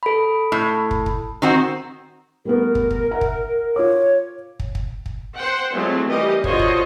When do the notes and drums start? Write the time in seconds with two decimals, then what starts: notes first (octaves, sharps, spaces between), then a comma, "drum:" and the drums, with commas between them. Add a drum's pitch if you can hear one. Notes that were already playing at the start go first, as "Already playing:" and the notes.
0.03 A4 B5
0.52 A2
0.91 drum: kick
1.06 drum: kick
1.42 D#3 C4 F#4
2.45 G3 A3 B3 A#4
2.75 drum: kick
2.91 drum: kick
3.11 E5 F#5 A#5
3.21 drum: kick
3.76 F4 C#5 D6
4.60 drum: kick
4.75 drum: kick
5.06 drum: kick
5.36 C5 F#5 G5
5.74 F#3 G#3 A3 C4 E4 F4
6.06 E3 G3 G4 A#4 D#5
6.44 D3 F4 F#4 C5 C#5 D#5, drum: kick
6.59 drum: kick